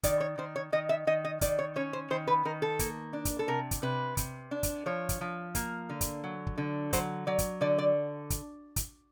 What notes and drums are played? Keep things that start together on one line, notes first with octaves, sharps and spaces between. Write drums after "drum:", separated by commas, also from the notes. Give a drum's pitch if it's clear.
D#3 D5, drum: kick, hi-hat
C#5
D#3 C5
C#5
D#3 D#5
E5
D#3 D#5
D#5
D#3 D5, drum: kick, hi-hat
C#5
C#4 C#5
C5
D#3 C5
B4
D#3 A#4
A4
A#3, drum: kick, hi-hat
D4
drum: kick, hi-hat
A4
C3 A#4
drum: kick, hi-hat
C3 B4
C3, drum: kick, hi-hat
D4
drum: kick, hi-hat
F3 C#5
drum: kick, hi-hat
F3
A#3, drum: kick, hi-hat
D3
drum: kick, hi-hat
F#3
drum: kick
D3
F#3 C5, drum: kick, hi-hat
F#3 D5
drum: kick, hi-hat
D3 D5
D5
drum: kick, hi-hat
drum: kick, hi-hat